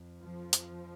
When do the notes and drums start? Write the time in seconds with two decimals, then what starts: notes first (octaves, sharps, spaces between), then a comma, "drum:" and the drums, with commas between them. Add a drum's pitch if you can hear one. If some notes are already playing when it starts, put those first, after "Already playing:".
Already playing: F2
0.23 F3
0.53 drum: hi-hat